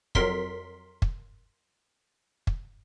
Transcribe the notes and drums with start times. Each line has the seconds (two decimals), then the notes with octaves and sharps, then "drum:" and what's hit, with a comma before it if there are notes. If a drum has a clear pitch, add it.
0.15 F2 F#3 A#4 C6 B6, drum: kick
1.02 drum: kick
2.47 drum: kick